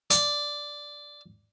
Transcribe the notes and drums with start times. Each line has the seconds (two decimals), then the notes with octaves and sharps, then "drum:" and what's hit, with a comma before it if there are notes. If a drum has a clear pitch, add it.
0.10 D5, drum: hi-hat